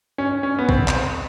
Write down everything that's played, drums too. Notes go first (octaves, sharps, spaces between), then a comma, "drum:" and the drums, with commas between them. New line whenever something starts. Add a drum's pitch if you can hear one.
C#4
C#4
B3
C4, drum: kick
drum: clap